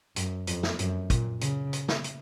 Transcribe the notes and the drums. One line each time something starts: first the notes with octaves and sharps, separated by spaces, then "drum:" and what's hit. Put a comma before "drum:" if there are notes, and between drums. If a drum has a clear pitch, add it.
F#2, drum: hi-hat
F2, drum: hi-hat
drum: snare
F#2, drum: hi-hat
A#2, drum: kick, hi-hat
C#3, drum: hi-hat
drum: hi-hat
drum: snare
drum: hi-hat